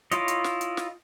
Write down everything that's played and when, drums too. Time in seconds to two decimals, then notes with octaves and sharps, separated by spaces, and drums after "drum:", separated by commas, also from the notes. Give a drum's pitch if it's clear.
0.11 E4 F4 C#5 D#5, drum: hi-hat
0.28 drum: hi-hat
0.44 drum: snare
0.61 drum: hi-hat
0.77 drum: snare